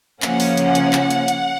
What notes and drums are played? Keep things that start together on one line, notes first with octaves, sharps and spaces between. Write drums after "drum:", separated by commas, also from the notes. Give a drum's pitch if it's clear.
C#3 F3 A#3 C#4 F#5, drum: clap
drum: open hi-hat
drum: hi-hat
drum: hi-hat
drum: clap
drum: hi-hat
drum: hi-hat